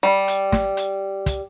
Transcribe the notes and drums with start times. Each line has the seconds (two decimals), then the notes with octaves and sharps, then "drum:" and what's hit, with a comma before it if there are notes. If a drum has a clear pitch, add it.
0.03 G3
0.28 drum: hi-hat
0.52 drum: snare
0.77 drum: hi-hat
1.26 drum: kick, hi-hat